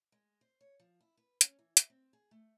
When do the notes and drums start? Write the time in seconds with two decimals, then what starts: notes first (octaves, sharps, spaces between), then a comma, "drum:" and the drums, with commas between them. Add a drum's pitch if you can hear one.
0.12 G#3
0.41 C5
0.61 C#5
0.80 F3
1.01 E4
1.17 B4
1.41 C#4, drum: hi-hat
1.59 E3
1.77 E5, drum: hi-hat
1.90 C4
2.13 G#4
2.31 A3